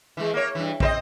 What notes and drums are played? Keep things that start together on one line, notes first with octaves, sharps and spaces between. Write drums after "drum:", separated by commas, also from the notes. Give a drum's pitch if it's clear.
E3 G#3
A#3 C#5
G2 E3
C4 B4 D#5, drum: kick